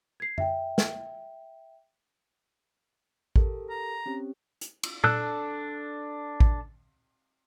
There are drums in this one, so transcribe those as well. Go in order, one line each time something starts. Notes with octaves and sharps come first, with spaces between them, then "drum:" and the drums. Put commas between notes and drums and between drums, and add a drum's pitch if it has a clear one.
G#6 C7
E5 G5, drum: tom F#2
drum: snare
G4 A4 A#4, drum: kick A1
A#5
C4 C#4 G4
drum: hi-hat
drum: cymbal
D4 A4 E6 F#6, drum: tom A#2
drum: kick A1